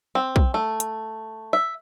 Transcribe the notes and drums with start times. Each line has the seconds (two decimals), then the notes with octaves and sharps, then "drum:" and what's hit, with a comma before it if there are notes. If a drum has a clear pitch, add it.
0.15 C4
0.36 drum: kick B1
0.54 A3
0.80 drum: hi-hat
1.53 E5